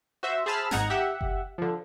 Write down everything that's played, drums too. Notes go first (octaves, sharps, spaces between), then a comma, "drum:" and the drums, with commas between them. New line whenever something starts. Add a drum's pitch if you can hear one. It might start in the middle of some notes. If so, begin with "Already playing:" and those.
F#4 C5 E5
G#4 C5 A5 B5 E6 F6
G#1 D#4 F#5 A#5 G#6, drum: snare
G4 E5 F#5
drum: kick F#1
D3 F3